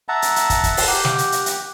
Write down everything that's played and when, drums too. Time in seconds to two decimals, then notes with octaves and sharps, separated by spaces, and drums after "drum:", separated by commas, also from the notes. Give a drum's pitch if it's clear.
0.09 E5 F#5 A5 A#5
0.22 drum: hi-hat
0.36 drum: hi-hat
0.50 drum: kick, hi-hat
0.63 drum: kick, hi-hat
0.77 drum: open hi-hat
0.88 G4 F#5
1.05 drum: snare
1.18 drum: hi-hat
1.32 drum: hi-hat
1.46 drum: hi-hat